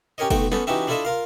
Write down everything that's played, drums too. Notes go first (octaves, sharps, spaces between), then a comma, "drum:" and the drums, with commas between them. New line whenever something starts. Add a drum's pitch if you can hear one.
C#4 G4 A#4 C#5 D#5
B1 A3 F#4 G5, drum: kick, cymbal
B3 C#4 A4, drum: snare
E3 C#4 D#4 F#4 G4 E5
D4 E4 F4 A4 D#5 E5
F4 A#4 F5